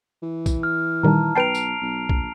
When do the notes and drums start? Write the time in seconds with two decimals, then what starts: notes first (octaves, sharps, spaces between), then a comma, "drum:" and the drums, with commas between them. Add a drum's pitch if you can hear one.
0.23 E3
0.46 drum: kick B1, tambourine
0.63 F6
1.03 A#2 D#3 G3 A5 A#5
1.35 B1 B4 G5 A5 C7 D7 F7
1.55 drum: tambourine
1.82 B1
2.09 A#1, drum: kick B1